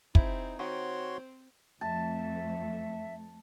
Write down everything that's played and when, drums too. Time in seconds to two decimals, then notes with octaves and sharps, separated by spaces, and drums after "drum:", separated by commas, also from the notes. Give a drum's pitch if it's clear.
0.15 C4 D#4 E4 G#4, drum: kick
0.59 D#3 C4 F#4 G4 C5 C#5 F#5 C6
1.81 F2 A3 E5 A5